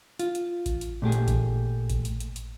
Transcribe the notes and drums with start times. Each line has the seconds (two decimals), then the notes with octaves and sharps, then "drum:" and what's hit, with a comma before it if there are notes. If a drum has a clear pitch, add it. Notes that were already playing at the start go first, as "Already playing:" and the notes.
0.19 F4, drum: hi-hat
0.35 drum: hi-hat
0.66 drum: kick A1, hi-hat
0.81 drum: hi-hat
1.02 A#2 A3 G4 G#4
1.12 drum: hi-hat
1.28 drum: kick A1, hi-hat
1.90 drum: kick A1, hi-hat
2.05 drum: hi-hat
2.20 drum: hi-hat
2.36 drum: hi-hat